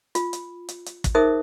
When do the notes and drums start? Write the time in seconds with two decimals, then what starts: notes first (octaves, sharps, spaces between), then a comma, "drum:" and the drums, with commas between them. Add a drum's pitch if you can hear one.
0.15 F4, drum: hi-hat
0.33 drum: hi-hat
0.69 drum: hi-hat
0.86 drum: hi-hat
1.04 drum: kick, hi-hat
1.15 D#4 G#4 A#4 C5 E5 D#6